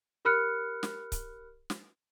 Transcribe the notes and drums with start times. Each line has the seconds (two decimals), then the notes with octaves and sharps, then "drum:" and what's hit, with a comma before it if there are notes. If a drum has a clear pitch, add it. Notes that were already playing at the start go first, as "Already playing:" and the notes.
0.25 G4 A#4 B5 F6 F#6 C#7
0.83 drum: snare
1.12 drum: kick C#1, hi-hat
1.70 drum: snare